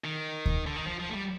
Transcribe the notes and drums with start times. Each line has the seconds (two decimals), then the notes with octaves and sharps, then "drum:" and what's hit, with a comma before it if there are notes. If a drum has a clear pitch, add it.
0.04 D#3
0.46 drum: kick D2
0.67 D3
0.76 D#3
0.87 F3
1.00 F3
1.09 A3
1.13 G3